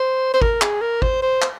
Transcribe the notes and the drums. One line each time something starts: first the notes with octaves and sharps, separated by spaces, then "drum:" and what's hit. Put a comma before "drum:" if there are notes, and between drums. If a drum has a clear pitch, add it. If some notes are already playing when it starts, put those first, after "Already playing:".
Already playing: C5
C5
A#4, drum: kick
G#4, drum: clap
A#4
C5, drum: kick
C5
drum: clap